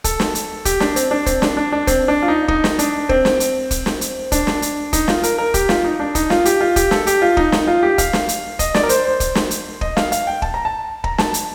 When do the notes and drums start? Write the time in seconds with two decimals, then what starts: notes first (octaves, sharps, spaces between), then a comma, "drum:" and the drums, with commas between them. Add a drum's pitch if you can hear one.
0.04 A4, drum: kick, hi-hat
0.20 drum: snare
0.35 drum: hi-hat
0.65 G4, drum: kick, hi-hat
0.80 D4, drum: snare
0.96 C4, drum: hi-hat
1.11 D4
1.26 C4, drum: kick, hi-hat
1.42 D4, drum: snare
1.57 D4
1.72 D4
1.87 C4, drum: kick, hi-hat
2.08 D4
2.23 F4
2.28 D#4
2.48 D#4, drum: kick
2.64 drum: snare
2.79 D4, drum: hi-hat
3.09 C4, drum: kick
3.25 drum: snare
3.40 drum: hi-hat
3.71 drum: kick, hi-hat
3.86 drum: snare
4.01 drum: hi-hat
4.32 D4, drum: kick, hi-hat
4.47 drum: snare
4.62 drum: hi-hat
4.93 D#4, drum: kick, hi-hat
5.08 F4, drum: snare
5.23 A#4, drum: hi-hat
5.38 A#4
5.54 G4, drum: kick, hi-hat
5.69 F4, drum: snare
5.84 D#4
6.00 D4
6.15 D#4, drum: kick, hi-hat
6.30 F4, drum: snare
6.45 G4, drum: hi-hat
6.61 F4
6.76 G4, drum: kick, hi-hat
6.91 A4, drum: snare
7.07 G4, drum: hi-hat
7.22 F4
7.37 D#4, drum: kick
7.52 D#4, drum: snare
7.68 F4
7.83 G4
7.98 F5, drum: kick, hi-hat
8.13 drum: snare
8.29 drum: hi-hat
8.59 D#5, drum: kick, hi-hat
8.74 D5, drum: snare
8.83 A#4
8.89 C5, drum: hi-hat
9.05 C5
9.20 drum: kick, hi-hat
9.35 drum: snare
9.51 drum: hi-hat
9.81 D#5, drum: kick
9.97 F5, drum: snare
10.12 F5, drum: hi-hat
10.27 G5
10.42 A5, drum: kick
10.54 A#5
10.65 A5
11.04 A#5, drum: kick
11.18 A5, drum: snare
11.34 drum: hi-hat